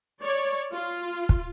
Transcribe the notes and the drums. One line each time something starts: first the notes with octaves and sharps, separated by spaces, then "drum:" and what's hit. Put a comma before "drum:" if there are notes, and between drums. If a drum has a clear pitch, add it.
C#5 D5
F4
drum: kick